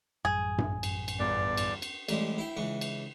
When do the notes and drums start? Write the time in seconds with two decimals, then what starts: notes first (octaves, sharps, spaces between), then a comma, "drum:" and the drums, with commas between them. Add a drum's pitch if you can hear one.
0.25 A1 F#2 G3 G#4
0.58 drum: tom G2
0.83 drum: cymbal
1.08 drum: cymbal
1.20 G1 E2 B4 D5
1.57 drum: cymbal
1.82 drum: cymbal
2.09 A1 G3 G#3, drum: cymbal
2.38 E4 G5
2.57 C#2 E3 C#6
2.81 drum: cymbal